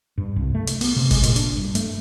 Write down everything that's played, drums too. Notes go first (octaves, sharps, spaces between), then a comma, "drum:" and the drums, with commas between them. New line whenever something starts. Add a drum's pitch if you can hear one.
G2
C2
A3
drum: hi-hat
B3, drum: open hi-hat
C3
G#3, drum: kick G1, open hi-hat
A#2, drum: hi-hat
D4, drum: hi-hat
G2
A3, drum: hi-hat